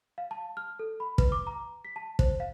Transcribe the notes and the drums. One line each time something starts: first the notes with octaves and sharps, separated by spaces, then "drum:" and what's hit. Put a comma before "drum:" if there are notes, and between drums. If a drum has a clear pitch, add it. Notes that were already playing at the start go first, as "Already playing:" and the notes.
F5
A5
F6
A4
B5
B4, drum: kick
D6
A#5
B6
A5
C5, drum: kick
F5